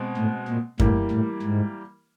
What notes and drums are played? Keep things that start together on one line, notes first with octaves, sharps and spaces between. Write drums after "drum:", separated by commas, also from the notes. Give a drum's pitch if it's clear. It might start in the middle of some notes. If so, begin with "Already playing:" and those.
Already playing: B2 G#3 C4
A2
A#2
A2 E3 G3 A#3, drum: kick F#2
A2
G#2